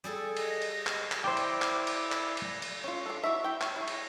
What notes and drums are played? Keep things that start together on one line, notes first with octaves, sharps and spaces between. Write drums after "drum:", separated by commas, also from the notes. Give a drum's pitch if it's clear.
G3 G#4 A4
D#5, drum: cymbal
drum: cymbal
drum: clap
drum: clap
E4 C5 D5 G5 D6
drum: cymbal
drum: clap
drum: cymbal
drum: clap
drum: cymbal
drum: cymbal
C#4 F4
D4 A4
E4 F#4 E5
E4 G5
C#5, drum: clap
E4 G#4
drum: cymbal